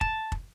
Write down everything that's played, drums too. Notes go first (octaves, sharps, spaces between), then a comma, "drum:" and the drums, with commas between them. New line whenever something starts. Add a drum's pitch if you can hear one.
A5, drum: kick
drum: kick